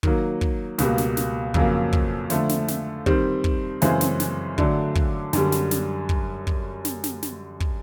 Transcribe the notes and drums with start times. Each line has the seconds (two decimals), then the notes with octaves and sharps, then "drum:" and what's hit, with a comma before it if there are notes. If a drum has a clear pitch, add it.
0.03 D#3 F#3 A#3, drum: kick
0.41 drum: kick
0.78 C#2 B2 G3 A#3, drum: snare
0.98 drum: snare
1.17 drum: snare
1.54 F2 C#3 F#3 A#3, drum: kick
1.93 drum: kick
2.30 D3 F3 A3, drum: snare
2.49 drum: snare
2.68 drum: snare
3.06 D#3 G3 C4, drum: kick
3.44 drum: kick
3.82 F#2 C#3 E3 G#3 C4, drum: snare
4.01 drum: snare
4.20 drum: snare
4.58 D3 F#3 A3 D4, drum: kick
4.95 drum: kick
5.33 F#2 D3 G3, drum: snare
5.52 drum: snare
5.71 drum: snare
6.09 drum: kick
6.47 drum: kick
6.85 drum: snare
7.04 drum: snare
7.23 drum: snare
7.60 drum: kick